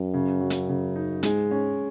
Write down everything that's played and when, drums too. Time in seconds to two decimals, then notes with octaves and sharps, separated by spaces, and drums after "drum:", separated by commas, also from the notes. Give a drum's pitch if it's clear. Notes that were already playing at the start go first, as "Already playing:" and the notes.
Already playing: F#2
0.14 C#3
0.41 F#3
0.50 drum: hi-hat
0.69 C#3
0.96 D#4
1.23 G#2 G#3, drum: hi-hat
1.51 C#4